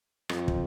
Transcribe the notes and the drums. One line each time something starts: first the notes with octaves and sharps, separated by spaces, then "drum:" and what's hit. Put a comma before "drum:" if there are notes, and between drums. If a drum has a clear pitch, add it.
F2, drum: rim click
drum: kick